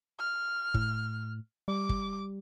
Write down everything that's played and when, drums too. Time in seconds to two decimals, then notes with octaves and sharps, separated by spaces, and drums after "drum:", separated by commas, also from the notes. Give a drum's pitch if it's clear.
0.19 F6
0.74 A2, drum: kick
1.68 G3 D6
1.89 drum: kick